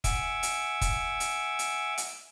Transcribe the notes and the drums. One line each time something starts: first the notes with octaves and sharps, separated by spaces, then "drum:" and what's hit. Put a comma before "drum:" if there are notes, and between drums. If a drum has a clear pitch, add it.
E5 F#5 G#5 D6 E6, drum: kick F1, hi-hat
drum: hi-hat
drum: kick F1, hi-hat
drum: hi-hat
drum: hi-hat
drum: hi-hat